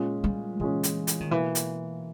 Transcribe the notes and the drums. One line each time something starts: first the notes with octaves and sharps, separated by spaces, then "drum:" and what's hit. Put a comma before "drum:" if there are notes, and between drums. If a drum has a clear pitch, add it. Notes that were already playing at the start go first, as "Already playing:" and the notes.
Already playing: A#2 G#3 C#4
G3
A#2 E3 G#3 C#4
drum: hi-hat
drum: hi-hat
D#3
B2 E3 A#3 E4
drum: hi-hat